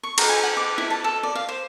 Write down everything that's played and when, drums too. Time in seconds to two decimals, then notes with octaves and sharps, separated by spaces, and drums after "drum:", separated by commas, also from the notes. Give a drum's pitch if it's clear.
0.03 C#6
0.18 A#5, drum: cymbal
0.29 G#5
0.43 F#5
0.57 D6
0.78 E4
0.90 A5
1.04 A4
1.23 D5
1.35 F5
1.49 C5